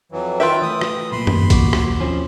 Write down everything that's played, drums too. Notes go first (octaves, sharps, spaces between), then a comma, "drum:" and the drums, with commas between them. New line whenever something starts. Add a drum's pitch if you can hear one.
F2 E3 F#3
D#3 F4 B4 E5 G5
E3 A3 D#6
drum: rim click
B1 A#2 B5 C6
drum: tom F#2
D#2 F#4 D6, drum: kick, hi-hat
drum: rim click
F3 C4 C#4